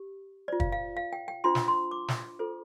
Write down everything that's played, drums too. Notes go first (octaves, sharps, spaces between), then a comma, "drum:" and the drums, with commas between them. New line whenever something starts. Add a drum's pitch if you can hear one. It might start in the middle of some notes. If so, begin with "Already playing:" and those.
Already playing: G4
F4 C5 D5
F5, drum: kick
F5
F5
G5
G5
D4 F4 C5 C6
drum: snare
C6
D6
drum: snare
F4 A4 C5